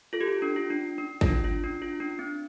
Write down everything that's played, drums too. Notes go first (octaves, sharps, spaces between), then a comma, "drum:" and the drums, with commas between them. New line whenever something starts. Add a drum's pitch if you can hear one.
F4 A4
G4
F4
D4
F4
D4
D4
F4, drum: kick
D4
F4
D4
F4
D4
C4